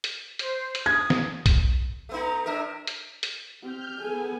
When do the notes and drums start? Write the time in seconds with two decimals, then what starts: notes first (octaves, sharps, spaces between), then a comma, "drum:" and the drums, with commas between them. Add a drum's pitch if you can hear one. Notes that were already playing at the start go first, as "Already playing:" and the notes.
0.04 drum: hi-hat
0.39 C5, drum: hi-hat
0.75 drum: hi-hat
0.86 D#6 G#6
1.10 drum: snare
1.46 drum: kick B1, hi-hat
2.09 A3 B3 D#4
2.21 A#5
2.46 A2 D4 A#4 E5
2.87 drum: hi-hat
3.23 drum: hi-hat
3.62 C4 G4 F6 G6
4.01 B3 G#4 A4 G#5